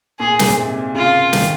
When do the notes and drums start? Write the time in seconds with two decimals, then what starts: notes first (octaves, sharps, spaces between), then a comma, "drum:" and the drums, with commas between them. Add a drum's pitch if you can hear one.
0.19 A#2 G#4
0.39 G#2, drum: snare
0.48 A#2
0.58 C3
0.95 C#3 F4
1.33 D#3, drum: snare